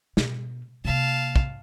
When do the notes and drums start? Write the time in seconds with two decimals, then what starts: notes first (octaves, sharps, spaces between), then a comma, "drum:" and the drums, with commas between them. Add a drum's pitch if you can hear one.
0.17 B2, drum: snare
0.85 C3 A#3 F5 A5
1.36 drum: kick